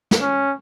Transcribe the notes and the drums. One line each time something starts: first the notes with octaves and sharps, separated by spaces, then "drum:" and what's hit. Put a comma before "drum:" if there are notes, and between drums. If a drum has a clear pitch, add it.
drum: snare
C#4